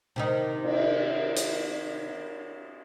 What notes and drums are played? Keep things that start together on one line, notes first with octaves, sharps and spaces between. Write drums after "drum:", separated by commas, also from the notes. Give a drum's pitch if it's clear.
C3 D#3 D#4
drum: cymbal
drum: hi-hat